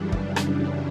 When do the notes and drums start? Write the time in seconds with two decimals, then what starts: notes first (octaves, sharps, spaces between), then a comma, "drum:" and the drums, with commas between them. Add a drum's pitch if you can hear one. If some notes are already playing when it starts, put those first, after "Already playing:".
Already playing: F#2 C#3 E3 G3 D4
0.12 D4, drum: kick
0.36 drum: rim click